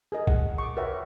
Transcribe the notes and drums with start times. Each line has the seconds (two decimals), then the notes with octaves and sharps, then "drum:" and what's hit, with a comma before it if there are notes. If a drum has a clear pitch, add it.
0.12 G#4 A#4 D#5
0.27 F#5, drum: kick
0.58 C#6 D6
0.77 A#4 B4 C#5 E5 F#5 G5